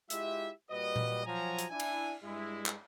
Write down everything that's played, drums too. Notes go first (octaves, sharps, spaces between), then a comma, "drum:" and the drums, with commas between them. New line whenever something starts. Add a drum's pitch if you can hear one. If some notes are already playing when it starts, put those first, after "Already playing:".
G#3 E4 F4 G4 E5, drum: hi-hat
A#2 G3 F#4 B4 D#5
drum: tom A#2
F3 F#3 G#5 A#5
drum: hi-hat
D4 E4 G#5
drum: cymbal
G2 G#3 E4
drum: clap